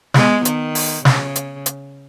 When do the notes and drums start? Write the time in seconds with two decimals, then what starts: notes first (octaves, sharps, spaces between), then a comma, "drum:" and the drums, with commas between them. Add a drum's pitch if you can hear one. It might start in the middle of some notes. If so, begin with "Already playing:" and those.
0.14 G#3 B3, drum: snare
0.45 D#3, drum: hi-hat
0.75 drum: open hi-hat
1.05 C#3, drum: snare
1.36 drum: hi-hat
1.66 drum: hi-hat